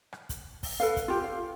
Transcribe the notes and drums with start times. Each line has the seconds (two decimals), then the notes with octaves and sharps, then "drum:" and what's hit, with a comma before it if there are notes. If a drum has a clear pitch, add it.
0.13 drum: rim click
0.29 drum: kick, hi-hat
0.63 drum: kick, open hi-hat
0.80 A4 B4 F5
0.96 drum: kick, hi-hat
1.08 F4 G4
1.24 F5